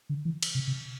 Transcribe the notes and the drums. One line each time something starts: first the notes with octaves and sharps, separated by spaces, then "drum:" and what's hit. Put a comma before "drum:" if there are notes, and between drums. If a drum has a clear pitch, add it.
D3
E3
drum: cymbal
C3
C3